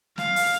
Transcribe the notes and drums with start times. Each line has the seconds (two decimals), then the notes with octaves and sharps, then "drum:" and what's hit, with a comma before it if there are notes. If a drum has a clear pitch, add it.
0.18 F5, drum: snare
0.36 drum: open hi-hat